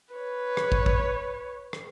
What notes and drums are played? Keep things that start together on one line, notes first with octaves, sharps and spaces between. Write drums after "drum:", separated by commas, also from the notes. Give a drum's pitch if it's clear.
B4 C#5
drum: rim click
drum: kick
drum: kick
drum: rim click